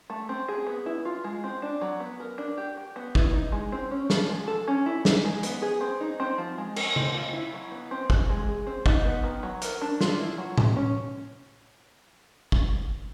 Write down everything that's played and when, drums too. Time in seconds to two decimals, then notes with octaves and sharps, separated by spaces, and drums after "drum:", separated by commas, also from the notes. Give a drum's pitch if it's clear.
0.10 A3
0.29 C4
0.48 G#4
0.67 B3
0.86 E4
1.05 F4
1.24 G#3
1.44 C4
1.62 D4
1.81 F#3
2.00 B3
2.20 A#4
2.38 D4
2.57 G4
2.77 G4
2.96 B3
3.15 E4, drum: kick G1
3.33 D#4
3.52 G#3
3.72 C4
3.91 C#4
4.10 F3, drum: snare
4.29 G#3
4.48 A4
4.68 C#4
4.86 E4
5.05 D#4, drum: snare
5.25 G#3
5.43 B3, drum: hi-hat
5.62 G#4
5.81 C4
6.00 D#4
6.20 C4
6.38 F3
6.58 G#3
6.76 A#4, drum: cymbal
6.96 C4, drum: tom C#3
7.15 F4
7.33 E4
7.53 F#3
7.71 B3
7.91 C4
8.10 E3, drum: kick G1
8.29 G#3
8.49 G#4
8.67 C4
8.86 D#4, drum: kick G1
9.05 B3
9.24 D#3
9.43 F#3
9.62 A#4, drum: hi-hat
9.82 D4
10.01 F4, drum: snare
10.19 E4
10.38 F#3
10.58 B3, drum: tom A2
10.76 C#4
12.52 drum: kick G1